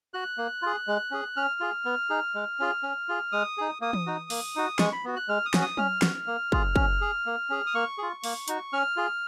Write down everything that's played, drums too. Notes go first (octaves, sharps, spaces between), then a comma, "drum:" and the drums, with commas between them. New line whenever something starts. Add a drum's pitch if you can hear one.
F#4 F#6
A#3
F4 G#4
G#3
C#4 G#4
C#4 F6
F4 G#4
B3
D#4 G#4
G#3
C#4 F4 G#4
C#4
F4 G#4
G#3 D#6
D#4 G#4
A#3 D#6
drum: tom E3
D#4 F#4
A#3, drum: open hi-hat
D#4 F#4
G#3 C#6, drum: snare
B5
B3 F#4
F#6
G#3 F6
D#6
C#4 F#4, drum: snare
D#6
C#4 F6, drum: tom F#3
F#4, drum: snare
A#3
F4 G#4, drum: kick
C#4, drum: kick
G#4
A#3
C#4 G#4
D#6
A#3 C#6
F4 G#4
A#3, drum: open hi-hat
D#4 F#4, drum: hi-hat
C#4 F6
F4 G#4